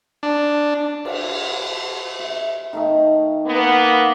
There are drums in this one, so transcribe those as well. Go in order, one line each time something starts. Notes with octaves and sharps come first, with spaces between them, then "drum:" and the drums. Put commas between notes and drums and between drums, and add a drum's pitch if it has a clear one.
D4
drum: cymbal
E5
D#3 A3 D#4
A#3 B3